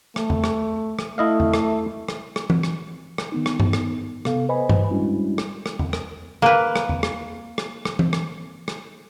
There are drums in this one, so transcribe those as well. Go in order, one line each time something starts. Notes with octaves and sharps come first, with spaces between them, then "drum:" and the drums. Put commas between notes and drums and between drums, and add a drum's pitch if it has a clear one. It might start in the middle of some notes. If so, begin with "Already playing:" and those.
A3, drum: rim click
drum: tom E2
drum: rim click
drum: rim click
A3 E4 D#5 F5
drum: tom E2
drum: rim click
drum: rim click
drum: rim click
drum: tom E3
drum: rim click
drum: rim click
D#3 B3 D#4
drum: rim click
drum: tom G2
drum: rim click
C3 B3 A4 F5, drum: rim click
B4 C5 D#5 G#5 B5
drum: tom G2
G3 G#3 C#4 D4 E4 F#4
drum: rim click
drum: rim click
drum: tom E2
drum: rim click
A#3 B4
drum: rim click
drum: tom E2
drum: rim click
drum: rim click
drum: rim click
drum: tom E3
drum: rim click
drum: rim click